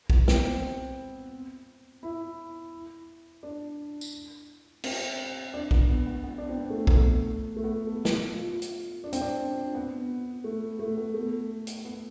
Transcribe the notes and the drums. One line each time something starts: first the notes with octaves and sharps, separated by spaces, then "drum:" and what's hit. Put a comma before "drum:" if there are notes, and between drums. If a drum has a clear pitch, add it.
B3, drum: kick B1
C4, drum: snare
E4
D4
drum: tambourine
C4, drum: cymbal
D4
B3, drum: kick B1
B3
B3
B3
D4
C4
B3
A3
B3, drum: kick B1
A3
A3
B3
A4
drum: snare
F4
drum: hi-hat
D4
C4, drum: hi-hat
D4
B3
A3
A3
B3
A3
drum: hi-hat
B3